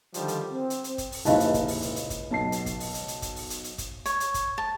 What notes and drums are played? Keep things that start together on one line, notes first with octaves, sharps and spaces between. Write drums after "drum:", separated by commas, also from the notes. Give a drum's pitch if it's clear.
D3 D#3 F3 G3, drum: hi-hat
drum: hi-hat
C4
drum: hi-hat
drum: hi-hat
drum: kick F#1, hi-hat
drum: open hi-hat
F1 C#2 A#2 D#4 E4 B4 D#5 F5, drum: hi-hat
drum: hi-hat
drum: kick F#1, hi-hat
drum: open hi-hat
drum: hi-hat
drum: hi-hat
drum: kick F#1, hi-hat
B1 A5 C7
drum: hi-hat
drum: kick F#1, hi-hat
drum: open hi-hat
drum: hi-hat
drum: hi-hat
drum: kick F#1, hi-hat
drum: open hi-hat
drum: hi-hat
drum: hi-hat
drum: kick F#1, hi-hat
C#5, drum: hi-hat
drum: hi-hat
drum: kick F#1, hi-hat
A5